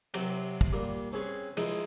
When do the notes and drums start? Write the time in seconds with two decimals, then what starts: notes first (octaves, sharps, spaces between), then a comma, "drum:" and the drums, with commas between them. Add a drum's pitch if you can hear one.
0.14 C3 F#3, drum: cymbal
0.61 drum: kick
0.73 A#2 G3
1.12 C4 C#4 G#4 B4 C#5
1.57 F3 G#3 D#4 E4, drum: cymbal